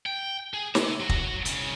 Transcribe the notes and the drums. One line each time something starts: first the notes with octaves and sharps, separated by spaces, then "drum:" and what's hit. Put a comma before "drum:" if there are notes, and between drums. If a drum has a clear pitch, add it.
G5
G#4
C5 E5, drum: snare
F#3 F#4
drum: kick
C2 C#3, drum: hi-hat